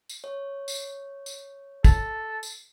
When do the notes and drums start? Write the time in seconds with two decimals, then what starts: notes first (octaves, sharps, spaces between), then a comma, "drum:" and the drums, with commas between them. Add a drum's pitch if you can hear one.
0.09 drum: tambourine
0.24 C#5
0.68 drum: tambourine
1.26 drum: tambourine
1.84 A4, drum: kick, tambourine
2.43 drum: tambourine